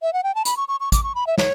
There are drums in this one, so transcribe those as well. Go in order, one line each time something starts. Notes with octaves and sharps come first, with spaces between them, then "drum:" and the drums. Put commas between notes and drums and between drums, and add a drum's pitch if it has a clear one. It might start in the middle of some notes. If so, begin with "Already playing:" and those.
E5
F#5
G5
A5
B5, drum: hi-hat
C#6
C#6
C#6
D6, drum: kick, hi-hat
C#6
B5
E5
C#5, drum: snare